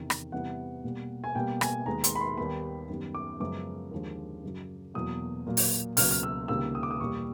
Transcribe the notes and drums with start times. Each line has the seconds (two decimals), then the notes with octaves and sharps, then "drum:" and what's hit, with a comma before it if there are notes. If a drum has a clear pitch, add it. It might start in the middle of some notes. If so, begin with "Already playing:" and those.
Already playing: E2 C3 D#3
0.10 drum: rim click
0.32 E2 C3 E3 G3 B3 F#5
0.84 B2 G3 A#3
1.24 G#5
1.35 B2 G3 A#3 G5
1.61 G#5, drum: rim click
1.86 D#2 D#3 G#3 B3 A#5
2.04 C6, drum: hi-hat
2.15 B5
2.21 C6
2.37 D#2 D#3 G3 B3 B5
2.89 F#2 D#3 G3 B3
3.15 D6
3.40 F#2 C#3 F3 G#3 B3 D6
3.91 D#2 D3 F3 G#3
4.43 F#2 C#3 F#3
4.94 E2 B2 F#3 A#3 D#6
5.47 A#2 F#3 A#3
5.57 drum: open hi-hat
5.97 C#2 B2 F#3 A#3 F6, drum: open hi-hat
6.11 F6
6.23 E6
6.48 C#2 C3 D#3 G3 A#3 E6
6.75 D#6
6.83 D6
6.91 D#6
7.00 E2 B2 G3 A#3 C#6